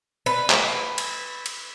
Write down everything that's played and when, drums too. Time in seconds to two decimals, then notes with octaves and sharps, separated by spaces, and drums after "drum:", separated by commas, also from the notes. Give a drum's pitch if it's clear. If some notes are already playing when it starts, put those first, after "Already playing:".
0.26 B4
0.50 drum: clap
0.98 drum: cymbal
1.46 drum: cymbal